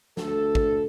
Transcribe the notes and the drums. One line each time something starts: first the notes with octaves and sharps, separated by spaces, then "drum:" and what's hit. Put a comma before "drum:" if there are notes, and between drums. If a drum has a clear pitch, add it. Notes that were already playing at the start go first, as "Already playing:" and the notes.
D2 A4, drum: snare
drum: kick